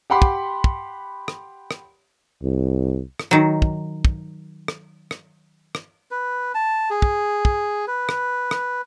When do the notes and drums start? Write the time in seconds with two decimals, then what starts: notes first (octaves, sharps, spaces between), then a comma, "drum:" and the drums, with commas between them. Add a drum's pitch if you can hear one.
0.10 G4 F#5 B5 C6 D6
0.22 drum: kick
0.64 drum: kick
1.28 drum: rim click
1.71 drum: rim click
2.43 C2
3.19 drum: rim click
3.31 D#3 F#3
3.62 drum: kick
4.05 drum: kick
4.68 drum: rim click
5.11 drum: rim click
5.75 drum: rim click
6.11 B4
6.54 A5
6.90 G#4
7.02 drum: kick
7.45 drum: kick
7.87 B4
8.09 drum: rim click
8.51 drum: rim click